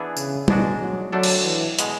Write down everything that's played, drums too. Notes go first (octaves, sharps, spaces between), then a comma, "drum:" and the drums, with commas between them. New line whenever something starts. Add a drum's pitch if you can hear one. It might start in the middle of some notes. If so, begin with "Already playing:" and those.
Already playing: E3 B3 D4 G#4
C#3, drum: tambourine
G#2 B2 G#3 D4 F#4, drum: tom G3
F#3
D3 F#3 A3 D4 A4
drum: cymbal
E3
B2 G#3, drum: hi-hat